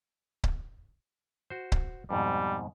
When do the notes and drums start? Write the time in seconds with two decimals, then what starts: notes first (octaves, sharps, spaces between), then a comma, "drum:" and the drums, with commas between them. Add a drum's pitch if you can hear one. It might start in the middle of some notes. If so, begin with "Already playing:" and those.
0.44 drum: kick C#1
1.50 F#4 C5
1.72 drum: kick C#1
2.11 F2 G#2 B2 G3